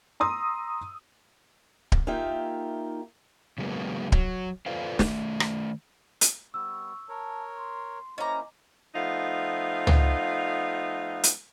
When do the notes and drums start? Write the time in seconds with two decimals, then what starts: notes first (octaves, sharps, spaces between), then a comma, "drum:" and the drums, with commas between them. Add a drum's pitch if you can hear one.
0.20 A#5 C6 D#6 E6
1.92 drum: kick D1
2.07 A#3 D#4 F4 G4 E5
3.58 C#3 F#3 G#3 A#3 B3
4.12 F#3, drum: kick D1
4.66 F4 A4 B4 C5 D5 F5
4.99 D#3 A3, drum: snare
5.40 drum: rim click
6.21 drum: hi-hat
6.54 G3 B3 C#6 E6
7.09 A#4 C#5 A5
7.57 C6
8.18 A#3 C#4 E4 C5 D#5 A#5 D6
8.95 F3 A3 B3 D#4 F5
9.87 drum: tom
11.24 drum: hi-hat